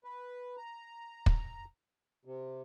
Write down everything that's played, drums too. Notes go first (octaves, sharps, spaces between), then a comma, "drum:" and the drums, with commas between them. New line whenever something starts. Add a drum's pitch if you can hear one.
B4
A#5
drum: kick
C3